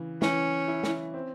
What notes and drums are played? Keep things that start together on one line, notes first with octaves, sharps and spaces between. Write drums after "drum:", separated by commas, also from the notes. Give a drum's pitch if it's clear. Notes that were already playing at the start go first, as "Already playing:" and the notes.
Already playing: C#3 E3
E3 C#4, drum: snare
E4
drum: snare
C4